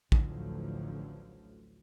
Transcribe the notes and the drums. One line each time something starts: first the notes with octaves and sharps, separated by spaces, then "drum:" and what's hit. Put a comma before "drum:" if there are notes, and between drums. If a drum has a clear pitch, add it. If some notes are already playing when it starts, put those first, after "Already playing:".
A1 D2 A2 D3 F3 F#3, drum: kick